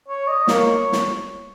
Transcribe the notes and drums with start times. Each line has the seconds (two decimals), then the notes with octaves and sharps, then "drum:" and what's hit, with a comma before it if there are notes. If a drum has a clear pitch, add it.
0.08 C#5
0.28 D#5
0.48 A#3 C#5, drum: snare
0.92 drum: snare